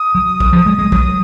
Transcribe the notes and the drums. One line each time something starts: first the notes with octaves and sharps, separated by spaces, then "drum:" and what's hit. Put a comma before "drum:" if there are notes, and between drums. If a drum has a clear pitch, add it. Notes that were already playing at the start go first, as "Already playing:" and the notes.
Already playing: D#6
F#3
drum: kick
F3
G#3
G#3
F#3, drum: kick